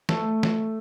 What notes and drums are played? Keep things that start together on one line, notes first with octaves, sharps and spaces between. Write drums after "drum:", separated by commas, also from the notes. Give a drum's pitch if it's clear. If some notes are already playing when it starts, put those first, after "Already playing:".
A3, drum: snare
drum: snare